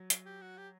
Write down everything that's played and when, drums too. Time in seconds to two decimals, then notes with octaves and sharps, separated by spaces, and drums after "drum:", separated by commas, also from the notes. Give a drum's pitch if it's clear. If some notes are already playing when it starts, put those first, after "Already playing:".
Already playing: F#3
0.10 drum: hi-hat
0.26 G4
0.41 F#4
0.58 G4